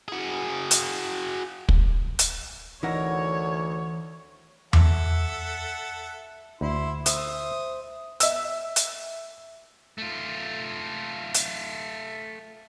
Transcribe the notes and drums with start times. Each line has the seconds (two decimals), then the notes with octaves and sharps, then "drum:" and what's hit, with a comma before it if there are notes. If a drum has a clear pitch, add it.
0.08 F#4 G#4
0.71 drum: hi-hat
1.69 drum: kick
2.19 drum: hi-hat
2.83 D2 E3 D#4 A#4 C#5 F#5
4.73 A4 E5 F#5, drum: tom E2
6.61 D2 E4 C6
7.06 C5 E5 D#6, drum: hi-hat
8.20 E5 E6, drum: hi-hat
8.76 drum: hi-hat
9.98 A3 F4
11.35 drum: hi-hat